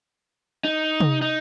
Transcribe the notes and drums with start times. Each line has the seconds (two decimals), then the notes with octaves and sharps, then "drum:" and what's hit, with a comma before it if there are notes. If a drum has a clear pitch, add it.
0.64 D#4
1.00 drum: tom
1.22 D#4